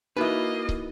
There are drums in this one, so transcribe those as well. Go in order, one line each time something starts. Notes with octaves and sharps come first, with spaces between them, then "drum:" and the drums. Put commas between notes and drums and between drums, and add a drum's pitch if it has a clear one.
A#3 D#4 E4 F#4 B4 D#5
drum: kick